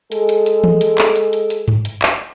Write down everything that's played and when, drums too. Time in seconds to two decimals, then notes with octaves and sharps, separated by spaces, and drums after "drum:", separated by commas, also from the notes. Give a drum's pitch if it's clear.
0.12 G#3 G#4 A4, drum: hi-hat
0.29 drum: hi-hat
0.46 drum: hi-hat
0.64 drum: tom E3
0.81 drum: hi-hat
0.98 drum: clap
1.16 drum: hi-hat
1.33 drum: hi-hat
1.50 drum: hi-hat
1.68 drum: tom G2
1.85 drum: hi-hat
2.02 drum: clap